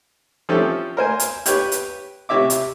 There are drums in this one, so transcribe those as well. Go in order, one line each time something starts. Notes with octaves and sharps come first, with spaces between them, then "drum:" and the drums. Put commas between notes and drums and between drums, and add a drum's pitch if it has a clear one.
F3 C4 C#4 E4 G4 A4
A#4 C5 G#5
drum: hi-hat
G4 B4 C#5, drum: hi-hat
drum: hi-hat
C3 C#5 E5 D6
drum: hi-hat